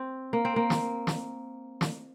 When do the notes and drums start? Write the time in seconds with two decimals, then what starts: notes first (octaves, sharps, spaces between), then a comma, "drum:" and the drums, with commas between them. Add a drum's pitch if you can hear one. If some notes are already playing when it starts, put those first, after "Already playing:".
Already playing: C4
0.33 A#3
0.45 C4
0.56 A#3
0.70 drum: snare
1.07 drum: snare
1.81 drum: snare